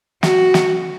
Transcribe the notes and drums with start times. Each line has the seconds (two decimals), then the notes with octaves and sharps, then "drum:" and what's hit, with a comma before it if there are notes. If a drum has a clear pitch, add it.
0.23 F#4, drum: snare
0.54 drum: snare